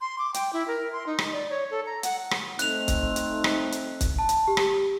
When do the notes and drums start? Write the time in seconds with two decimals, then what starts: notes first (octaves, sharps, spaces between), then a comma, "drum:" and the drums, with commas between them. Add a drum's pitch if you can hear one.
0.01 C6
0.19 D6
0.34 G5, drum: hi-hat
0.53 E4
0.68 A#4
0.92 C6
1.06 D#4
1.19 drum: rim click
1.32 D5
1.50 C#5
1.71 A4
1.86 A#5
2.03 F#5, drum: hi-hat
2.31 drum: rim click
2.59 A3 C4 D#4 F#6 F7, drum: hi-hat
2.88 drum: kick, hi-hat
3.16 drum: hi-hat
3.44 drum: rim click
3.72 drum: hi-hat
4.01 drum: kick, hi-hat
4.19 A5
4.29 drum: hi-hat
4.48 G4
4.57 drum: rim click